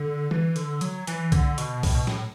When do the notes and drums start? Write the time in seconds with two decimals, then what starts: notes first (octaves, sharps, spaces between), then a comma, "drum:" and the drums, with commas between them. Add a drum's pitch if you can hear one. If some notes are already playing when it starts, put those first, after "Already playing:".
Already playing: D3
0.31 E3, drum: tom F#3
0.56 D3, drum: hi-hat
0.81 F#3, drum: hi-hat
1.07 E3, drum: hi-hat
1.32 D3, drum: kick C2, hi-hat
1.58 B2, drum: hi-hat
1.83 A2, drum: kick C2, open hi-hat
1.95 B2
2.07 A2, drum: snare